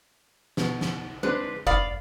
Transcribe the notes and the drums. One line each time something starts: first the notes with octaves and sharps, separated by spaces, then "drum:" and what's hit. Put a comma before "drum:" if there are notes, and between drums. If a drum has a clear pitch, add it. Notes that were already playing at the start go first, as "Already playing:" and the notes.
B2, drum: snare
drum: snare
G#3 C4 D4 B4
D5 F5 B5 D#6, drum: kick F#1